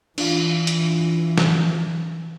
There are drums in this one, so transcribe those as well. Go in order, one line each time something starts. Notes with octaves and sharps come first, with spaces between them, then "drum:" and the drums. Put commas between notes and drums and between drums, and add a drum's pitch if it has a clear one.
E3 D4 F4 F5, drum: cymbal
drum: hi-hat
drum: snare